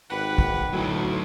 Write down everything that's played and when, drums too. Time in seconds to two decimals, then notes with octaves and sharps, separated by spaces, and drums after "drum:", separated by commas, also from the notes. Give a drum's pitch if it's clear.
0.11 G#1 D#3 G4 B4 F#5
0.38 drum: kick
0.73 D2 A2 F#3 D#4